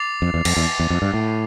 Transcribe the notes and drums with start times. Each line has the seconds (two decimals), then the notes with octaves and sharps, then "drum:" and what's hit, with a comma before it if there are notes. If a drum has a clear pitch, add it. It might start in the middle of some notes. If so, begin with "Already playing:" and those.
Already playing: D6 A6 C7 F7
0.22 F2
0.34 E2
0.45 F2, drum: cymbal
0.57 E2
0.79 E2
0.90 F2
1.02 G2
1.14 A2